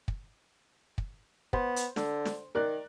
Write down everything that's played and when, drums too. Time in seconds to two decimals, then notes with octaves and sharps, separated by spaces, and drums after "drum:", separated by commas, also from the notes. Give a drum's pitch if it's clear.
0.08 drum: kick
0.98 drum: kick
1.53 B3 C5, drum: kick
1.76 drum: hi-hat
1.96 D3, drum: snare
2.25 drum: snare
2.55 D#3 A#4 D5 F#6